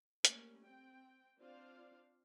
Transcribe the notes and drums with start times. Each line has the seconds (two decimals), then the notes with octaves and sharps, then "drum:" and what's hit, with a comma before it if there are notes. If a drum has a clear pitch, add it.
0.25 G3 A3 A#3 C#4, drum: hi-hat
0.64 C4 G5
1.39 C4 D4 F4 C5 D5 F5